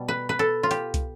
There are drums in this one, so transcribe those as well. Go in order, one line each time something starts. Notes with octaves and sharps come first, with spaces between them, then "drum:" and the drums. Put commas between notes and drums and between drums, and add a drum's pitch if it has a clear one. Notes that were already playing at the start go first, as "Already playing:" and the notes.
Already playing: B2 G3
B4
B4
A4
F4
G4, drum: hi-hat
drum: kick, hi-hat